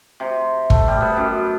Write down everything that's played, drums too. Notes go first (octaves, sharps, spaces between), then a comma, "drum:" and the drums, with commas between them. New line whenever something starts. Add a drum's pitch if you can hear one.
C3
A3, drum: kick
G3
B3
F#2